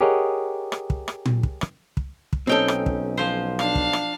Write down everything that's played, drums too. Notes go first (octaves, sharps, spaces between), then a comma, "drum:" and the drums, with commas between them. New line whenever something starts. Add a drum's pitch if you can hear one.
G4 G#4 A#4 C#5 D#5 F#5
drum: rim click
drum: kick
drum: rim click
drum: tom A#2
drum: kick
drum: rim click
drum: kick
drum: kick
B1 C4 C#4 D#4 A4 G5
drum: rim click
drum: kick
F3 C5
D4 F5, drum: rim click
drum: kick
drum: rim click